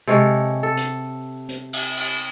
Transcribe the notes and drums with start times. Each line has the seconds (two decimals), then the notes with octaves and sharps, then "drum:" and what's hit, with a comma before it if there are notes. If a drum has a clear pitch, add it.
0.07 C3 G#3 A4 C#5
0.63 A4
0.77 drum: hi-hat
1.48 drum: hi-hat
1.73 drum: cymbal
1.97 drum: cymbal